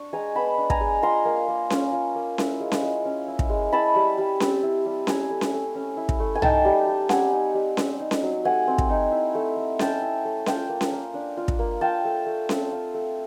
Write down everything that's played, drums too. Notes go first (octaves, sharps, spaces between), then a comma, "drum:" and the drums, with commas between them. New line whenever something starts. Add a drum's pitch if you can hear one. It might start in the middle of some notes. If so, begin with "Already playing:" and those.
Already playing: D4 C#6
G#3 G#5 A#5
B3 A5 B5
D4
G#5 A#5, drum: kick
G#3
F4 A#5 C6
A#3
A#3
C#4, drum: snare C#4
F4
A#3
E4, drum: snare C#4
G#3
drum: snare C#4
G#3
C#4
E4
drum: kick
G#3
E4 A5 B5
G3
G3
C4, drum: snare C#4
E4
G3
E4 G#5 A#5, drum: snare C#4
A3
drum: snare C#4
A3
C#4
E4
drum: kick
A3
G#5
D#4 G5 A5, drum: tom B1
G3
G3
C4 F#5 G#5, drum: snare C#4
D#4
G3
C4, drum: snare C#4
D#4
drum: snare C#4
F#3
A3 F#5 G#5
C4
drum: kick
D#4
E4
A3
A3
C#4 G5 A5, drum: snare C#4
E4
A3
F4 G5 A5, drum: snare C#4
A#3
drum: snare C#4
A#3
D4
F4
drum: kick
A#3
F4 G5 A5
A3
A3
C4, drum: snare C#4
F4
A3